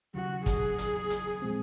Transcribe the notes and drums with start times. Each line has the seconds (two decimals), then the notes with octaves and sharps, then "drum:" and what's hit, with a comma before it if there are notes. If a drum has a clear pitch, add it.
0.14 D#2 C#3 F#3 F#4
0.46 G#4, drum: kick, hi-hat
0.78 drum: hi-hat
1.10 drum: hi-hat
1.42 A#2 F3 G#3 C4